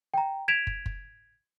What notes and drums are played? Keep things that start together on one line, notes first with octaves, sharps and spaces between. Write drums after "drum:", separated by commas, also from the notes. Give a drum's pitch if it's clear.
G5 A#5
G#6 B6 D7 E7 F7
drum: kick
drum: kick